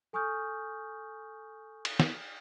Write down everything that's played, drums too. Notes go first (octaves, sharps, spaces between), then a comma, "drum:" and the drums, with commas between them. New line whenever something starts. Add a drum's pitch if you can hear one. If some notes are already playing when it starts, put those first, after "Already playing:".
A4 G#5 C#6 D#6 F6 G6
drum: cymbal
drum: snare